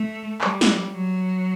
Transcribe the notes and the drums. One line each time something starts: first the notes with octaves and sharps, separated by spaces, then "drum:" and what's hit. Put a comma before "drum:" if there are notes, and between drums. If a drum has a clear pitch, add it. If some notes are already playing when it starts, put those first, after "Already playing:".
Already playing: A3
G3, drum: clap
drum: snare
F#3